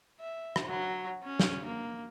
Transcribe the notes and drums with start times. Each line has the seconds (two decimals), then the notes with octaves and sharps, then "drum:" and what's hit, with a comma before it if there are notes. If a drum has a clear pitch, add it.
0.20 E5
0.56 drum: rim click
0.65 F#3
1.23 C#4
1.40 drum: snare
1.65 A#3